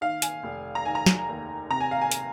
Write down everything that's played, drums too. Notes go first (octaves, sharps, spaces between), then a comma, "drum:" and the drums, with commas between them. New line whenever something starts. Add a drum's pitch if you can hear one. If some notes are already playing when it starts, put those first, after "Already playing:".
D#3 F5
G#5, drum: hi-hat
F1
A#5
D#3 G#5
A#5
drum: snare
D#2
C3 A#5
G#5
F5
G#5
drum: hi-hat